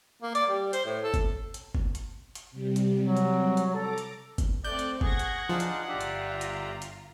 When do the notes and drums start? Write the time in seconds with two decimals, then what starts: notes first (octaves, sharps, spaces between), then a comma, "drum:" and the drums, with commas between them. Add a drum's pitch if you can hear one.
0.23 A#3
0.35 D5, drum: hi-hat
0.50 G3
0.73 C5, drum: hi-hat
0.85 A2
1.04 A4
1.14 drum: kick G1, hi-hat
1.54 drum: hi-hat
1.75 drum: kick G1
1.95 drum: hi-hat
2.35 drum: hi-hat
2.51 C3 G3
2.76 drum: hi-hat
3.00 F#3
3.17 drum: hi-hat
3.57 drum: hi-hat
3.75 A4 A#5 D6
3.98 drum: hi-hat
4.38 drum: kick G1, hi-hat
4.65 A3 C4 D5 F#6 G6
4.79 drum: hi-hat
5.01 G#4 F#5 C#6 G#6 A#6, drum: kick G1
5.19 drum: hi-hat
5.49 F3 D4 D#4 F4 G#4
5.60 drum: hi-hat
5.88 G1 F4 G4 D5 E5 A#5
6.01 drum: hi-hat
6.41 drum: hi-hat
6.82 drum: hi-hat